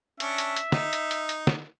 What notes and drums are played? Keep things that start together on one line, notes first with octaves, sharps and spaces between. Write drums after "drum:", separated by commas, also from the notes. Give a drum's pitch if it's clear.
C#4 D4 E5, drum: hi-hat
drum: hi-hat
drum: hi-hat
D#4, drum: snare
drum: hi-hat
drum: hi-hat
drum: hi-hat
drum: snare